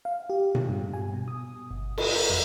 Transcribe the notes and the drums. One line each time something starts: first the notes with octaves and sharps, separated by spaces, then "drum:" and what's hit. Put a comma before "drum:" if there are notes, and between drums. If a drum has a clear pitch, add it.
F5
G4
B2, drum: tom A#2
G2
G#5
B2
D#6
G1
A4, drum: cymbal
A#4
F2